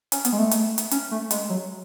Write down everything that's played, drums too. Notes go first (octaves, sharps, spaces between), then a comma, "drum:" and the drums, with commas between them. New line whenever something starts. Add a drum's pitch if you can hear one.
C#4, drum: hi-hat
B3, drum: hi-hat
G#3
A3
drum: hi-hat
drum: hi-hat
C#4, drum: hi-hat
A3
G#3, drum: hi-hat
F#3